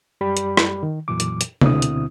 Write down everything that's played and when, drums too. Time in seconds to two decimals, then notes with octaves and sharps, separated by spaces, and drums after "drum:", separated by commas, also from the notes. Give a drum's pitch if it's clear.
0.21 F#2 G3 G4 D5 B5
0.37 drum: hi-hat
0.57 drum: rim click
0.83 D#3
1.08 F2 A#2 E3 F#3 D6
1.20 drum: hi-hat
1.41 drum: hi-hat
1.61 D2 B2 D3 C4 E4 D#6, drum: tom C3
1.82 drum: hi-hat